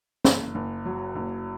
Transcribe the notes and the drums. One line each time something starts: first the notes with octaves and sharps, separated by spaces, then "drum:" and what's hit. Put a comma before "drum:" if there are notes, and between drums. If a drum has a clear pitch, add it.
F#1, drum: snare
F#1
F#3
F#1